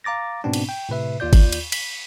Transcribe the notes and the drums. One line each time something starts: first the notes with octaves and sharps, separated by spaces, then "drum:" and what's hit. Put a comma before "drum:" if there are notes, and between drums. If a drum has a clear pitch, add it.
F5 A#5 D6 A6 A#6
G#2 B2 B3 C4 D4
drum: cymbal
G5
A2 C3 B4 E5
D#2 F4 D5 G6
drum: kick G#1, cymbal
drum: cymbal
B6, drum: cymbal